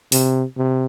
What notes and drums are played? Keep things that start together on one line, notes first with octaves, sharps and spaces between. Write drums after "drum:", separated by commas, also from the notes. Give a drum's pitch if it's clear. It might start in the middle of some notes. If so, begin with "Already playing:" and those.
C3, drum: open hi-hat
C3